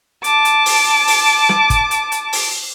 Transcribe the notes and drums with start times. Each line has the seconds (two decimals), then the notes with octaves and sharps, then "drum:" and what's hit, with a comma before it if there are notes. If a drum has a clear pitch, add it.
0.24 A5 D6, drum: hi-hat
0.45 drum: hi-hat
0.66 drum: open hi-hat
1.07 drum: open hi-hat
1.49 drum: snare
1.70 drum: kick, hi-hat
1.91 drum: hi-hat
2.12 drum: hi-hat
2.33 drum: open hi-hat